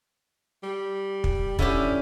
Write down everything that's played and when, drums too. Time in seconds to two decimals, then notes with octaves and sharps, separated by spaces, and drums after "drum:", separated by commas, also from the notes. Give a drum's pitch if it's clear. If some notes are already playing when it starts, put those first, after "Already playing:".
0.63 G3
1.24 drum: kick
1.59 D3 C#4 E4 G4, drum: kick